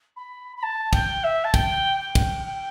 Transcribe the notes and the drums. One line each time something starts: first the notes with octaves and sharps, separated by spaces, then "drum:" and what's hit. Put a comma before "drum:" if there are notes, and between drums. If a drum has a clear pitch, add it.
B5
B5
A5
G5, drum: kick, cymbal
E5
A5
G5, drum: kick, cymbal
G5
drum: kick, cymbal
G5